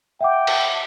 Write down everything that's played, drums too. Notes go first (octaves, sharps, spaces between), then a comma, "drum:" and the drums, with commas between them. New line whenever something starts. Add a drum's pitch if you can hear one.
E5 F#5 G5 D6
drum: cymbal